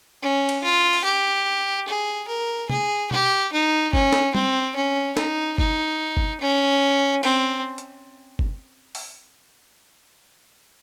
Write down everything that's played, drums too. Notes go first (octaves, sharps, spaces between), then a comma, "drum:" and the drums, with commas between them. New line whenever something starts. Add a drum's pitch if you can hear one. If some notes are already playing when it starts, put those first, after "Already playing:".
C#4
drum: cymbal
F4
drum: open hi-hat
G4
G#4
A#4
G#4, drum: tom
G4, drum: tom B2
D#4
C#4, drum: kick G1
drum: snare
C4, drum: tom
C#4
D#4, drum: snare
D#4, drum: kick G1
drum: kick G1
C#4
C4, drum: cymbal
drum: hi-hat
drum: kick G1
drum: open hi-hat